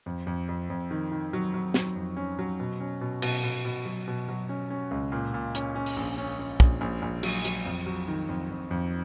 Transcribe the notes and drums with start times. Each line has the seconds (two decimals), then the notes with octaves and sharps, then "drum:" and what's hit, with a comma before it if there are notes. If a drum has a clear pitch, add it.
0.06 F2
0.27 F2
0.48 F2
0.70 F2
0.91 D#3
1.12 D#3
1.33 F#3
1.54 F#3
1.74 F#3, drum: snare
1.96 F2
2.17 C#4
2.39 F#3
2.60 B2
2.80 C#4
3.01 B2
3.22 B2, drum: cymbal
3.43 B2
3.65 B2
3.85 F#3
4.08 B2
4.29 F#3
4.49 C#4
4.70 C#4
4.91 C#2
5.12 A#2
5.34 A#2
5.55 C#4, drum: hi-hat
5.76 C#4
5.86 drum: open hi-hat
5.97 A#1
6.18 C#4
6.39 C#4
6.60 A#1, drum: kick
6.81 A#1
7.02 A#1
7.23 F#3, drum: cymbal
7.45 F#3, drum: hi-hat
7.65 F2
7.86 F#3
8.08 D#3
8.29 F2
8.50 F2
8.71 F2